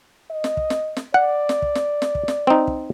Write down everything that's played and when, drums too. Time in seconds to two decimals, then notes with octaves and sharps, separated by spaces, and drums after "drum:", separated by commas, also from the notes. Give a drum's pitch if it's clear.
0.31 D#5
0.44 drum: snare
0.57 drum: kick
0.70 drum: snare
0.97 drum: snare
1.14 D5 F#5
1.49 drum: snare
1.62 drum: kick
1.75 drum: snare
2.02 drum: snare
2.15 drum: kick
2.28 drum: snare
2.47 C4 D#4
2.67 drum: kick